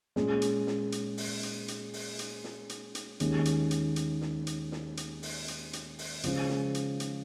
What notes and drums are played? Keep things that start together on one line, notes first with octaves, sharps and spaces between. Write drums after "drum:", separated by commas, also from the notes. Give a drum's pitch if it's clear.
A#2 G#3 C#4, drum: snare
drum: hi-hat
drum: snare
drum: hi-hat
drum: open hi-hat
drum: hi-hat
drum: hi-hat
drum: open hi-hat
drum: hi-hat
drum: snare
drum: hi-hat
drum: hi-hat
D#2 D#3 G#3 C#4, drum: hi-hat
drum: hi-hat
drum: hi-hat
drum: hi-hat
drum: snare
drum: hi-hat
drum: snare
drum: hi-hat
drum: open hi-hat
drum: hi-hat
drum: hi-hat
drum: open hi-hat
C#3 F3 G#3 C#4 F4, drum: hi-hat
drum: snare
drum: hi-hat
drum: hi-hat